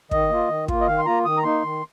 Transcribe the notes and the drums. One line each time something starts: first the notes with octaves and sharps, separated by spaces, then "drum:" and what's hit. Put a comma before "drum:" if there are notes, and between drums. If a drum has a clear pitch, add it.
D#3 D#5, drum: kick
A#3 F4
D#3
A#3 F4, drum: kick
D#5
D#3 F5
C6
A#3 F4 A#5
D#3 D#6
A#5
A#3 D#4 C6
D#3